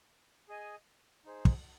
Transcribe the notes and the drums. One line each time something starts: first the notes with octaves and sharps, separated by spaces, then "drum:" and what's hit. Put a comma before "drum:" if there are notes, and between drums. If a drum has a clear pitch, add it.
G#4 D#5 G#5
D#4 G#4 C5
drum: kick